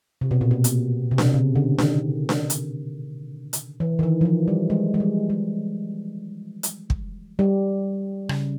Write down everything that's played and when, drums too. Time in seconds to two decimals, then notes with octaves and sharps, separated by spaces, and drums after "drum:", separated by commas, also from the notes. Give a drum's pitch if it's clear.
0.21 C3
0.31 B2
0.41 A#2
0.51 B2
0.64 drum: hi-hat
1.11 C3
1.18 B2, drum: snare D4
1.26 C3
1.34 C#3
1.55 D3
1.78 D#3, drum: snare D4
2.29 drum: snare D4
2.50 drum: hi-hat
3.53 drum: hi-hat
3.80 E3
3.99 D#3
4.03 E3
4.21 F3
4.25 E3
4.48 G3
4.70 G#3
4.94 G#3
5.00 G3
5.30 G#3
6.63 drum: hi-hat
6.90 drum: kick
7.39 G3
8.29 C#3, drum: rim click